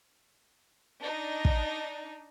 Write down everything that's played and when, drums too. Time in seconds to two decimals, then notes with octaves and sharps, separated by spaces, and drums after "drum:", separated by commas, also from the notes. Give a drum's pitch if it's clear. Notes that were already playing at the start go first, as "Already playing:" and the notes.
1.00 D4 D#4
1.45 drum: kick